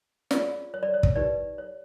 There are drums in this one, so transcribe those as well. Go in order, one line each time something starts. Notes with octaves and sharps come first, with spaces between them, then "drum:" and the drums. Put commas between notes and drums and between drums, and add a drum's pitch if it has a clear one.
F4 G#4 C#5 D5, drum: snare
C#5
D5
C#5
drum: kick
D#4 G4 B4 D5
C#5